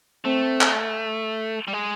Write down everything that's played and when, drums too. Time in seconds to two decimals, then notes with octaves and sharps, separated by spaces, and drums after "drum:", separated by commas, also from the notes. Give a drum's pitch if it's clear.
0.25 A3 C4
0.61 drum: clap
1.68 G3
1.73 G#3